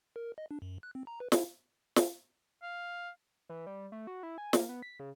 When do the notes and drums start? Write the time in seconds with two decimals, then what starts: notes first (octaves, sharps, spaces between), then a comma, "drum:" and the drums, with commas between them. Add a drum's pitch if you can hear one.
0.16 A#4
0.38 D#5
0.51 D4
0.62 F#2
0.83 F#6
0.95 C4
1.07 A#5
1.20 B4
1.32 E4, drum: snare
1.96 drum: snare
2.63 F5
3.49 E3
3.67 G3
3.92 A3
4.07 F#4
4.23 E4
4.38 G#5
4.53 A#3, drum: snare
4.69 B3
4.82 B6
5.00 C#3